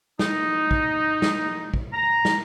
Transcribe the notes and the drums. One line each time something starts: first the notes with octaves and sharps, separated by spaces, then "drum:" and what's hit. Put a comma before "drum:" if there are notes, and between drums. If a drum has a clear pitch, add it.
D#4, drum: snare
drum: kick
drum: snare
drum: kick
A#5
drum: snare